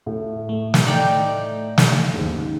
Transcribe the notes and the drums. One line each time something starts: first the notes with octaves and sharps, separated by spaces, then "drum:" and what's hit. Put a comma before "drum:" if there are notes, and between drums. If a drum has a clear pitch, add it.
A2
A3
drum: snare
D#4 D5 G5
drum: snare
F#1 D#2 G#2